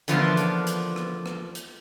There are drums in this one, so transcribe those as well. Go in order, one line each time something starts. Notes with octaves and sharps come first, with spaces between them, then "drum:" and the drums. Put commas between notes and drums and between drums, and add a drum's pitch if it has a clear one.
D3 E3 F3 A#3 B3, drum: hi-hat
drum: hi-hat
drum: hi-hat
drum: rim click
drum: rim click
drum: hi-hat